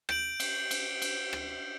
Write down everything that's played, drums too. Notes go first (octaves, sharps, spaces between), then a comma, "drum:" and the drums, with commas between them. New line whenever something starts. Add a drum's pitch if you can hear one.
G6 D7 F#7, drum: rim click
drum: cymbal
drum: cymbal
drum: cymbal
drum: rim click